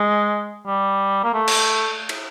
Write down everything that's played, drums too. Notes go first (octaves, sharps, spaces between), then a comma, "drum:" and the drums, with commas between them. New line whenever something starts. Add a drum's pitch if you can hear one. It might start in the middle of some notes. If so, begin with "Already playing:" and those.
Already playing: G#3
G3
A#3
A3
drum: cymbal
drum: cymbal